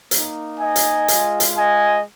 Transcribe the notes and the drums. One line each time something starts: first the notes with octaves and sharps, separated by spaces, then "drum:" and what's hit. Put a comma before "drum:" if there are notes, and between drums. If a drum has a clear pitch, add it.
A#3 D#4, drum: hi-hat
D#5 G#5
drum: hi-hat
G#3 F4, drum: hi-hat
drum: hi-hat
D#5 G#5